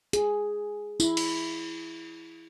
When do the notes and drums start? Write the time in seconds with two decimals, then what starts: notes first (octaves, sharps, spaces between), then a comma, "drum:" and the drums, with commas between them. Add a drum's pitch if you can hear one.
0.13 G#4, drum: hi-hat
1.00 E4, drum: tambourine
1.17 drum: cymbal